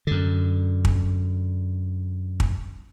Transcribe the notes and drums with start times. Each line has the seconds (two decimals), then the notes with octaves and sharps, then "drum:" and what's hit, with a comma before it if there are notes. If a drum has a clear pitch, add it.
0.07 F#2 D3
0.85 drum: kick
2.40 drum: kick